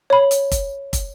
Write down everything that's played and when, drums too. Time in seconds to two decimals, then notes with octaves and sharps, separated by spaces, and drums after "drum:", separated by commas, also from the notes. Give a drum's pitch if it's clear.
0.10 C#5 B5
0.31 drum: hi-hat
0.51 drum: kick, hi-hat
0.93 drum: kick, hi-hat